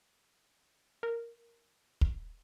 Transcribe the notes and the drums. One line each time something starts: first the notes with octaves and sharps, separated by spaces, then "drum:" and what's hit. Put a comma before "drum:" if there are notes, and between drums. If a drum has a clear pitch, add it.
A#4
drum: kick